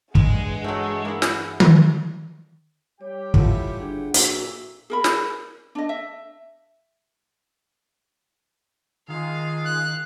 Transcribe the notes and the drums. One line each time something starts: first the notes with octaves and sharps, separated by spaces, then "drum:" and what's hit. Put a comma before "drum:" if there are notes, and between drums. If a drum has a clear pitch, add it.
G2 E3 G#3 G#4 F#5, drum: kick
F#3 A3 G6
A#3 E4
drum: snare
drum: tom D#3
G3 G4 C#5 G5
G1 E4 F4 A4 F#5, drum: kick
D4 G#4
A#2 F#4 E5, drum: hi-hat
G#4 A#4 B5
drum: snare
D4 D#5
E5
D#3 G#3 F4 G#4 F5
F#6